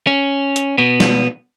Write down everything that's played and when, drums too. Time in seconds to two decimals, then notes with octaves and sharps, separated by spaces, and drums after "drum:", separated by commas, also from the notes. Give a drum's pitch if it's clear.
0.07 C#4
0.56 drum: hi-hat
0.78 B2 B3
1.00 drum: snare